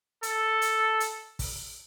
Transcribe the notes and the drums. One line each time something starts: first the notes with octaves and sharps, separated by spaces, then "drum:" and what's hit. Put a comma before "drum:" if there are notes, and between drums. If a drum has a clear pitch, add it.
A4, drum: hi-hat
drum: hi-hat
drum: hi-hat
drum: kick, open hi-hat